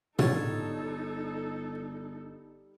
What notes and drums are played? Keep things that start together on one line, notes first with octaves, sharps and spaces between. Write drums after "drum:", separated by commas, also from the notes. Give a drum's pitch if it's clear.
G1 G3 D#4 A4 C#5 A5, drum: tom